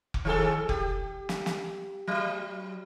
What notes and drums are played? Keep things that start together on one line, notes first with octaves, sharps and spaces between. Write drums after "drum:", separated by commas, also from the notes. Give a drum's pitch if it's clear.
drum: kick F1
D#3 G#4 A4
G4, drum: kick F1
drum: snare
drum: snare
F#3